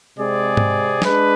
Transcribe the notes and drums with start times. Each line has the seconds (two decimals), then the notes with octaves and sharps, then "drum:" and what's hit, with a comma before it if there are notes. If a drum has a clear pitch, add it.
0.17 C3 G#3 C4 G#4 D5
0.57 drum: tom G#2
1.02 G#3 D4 G#4 B4, drum: snare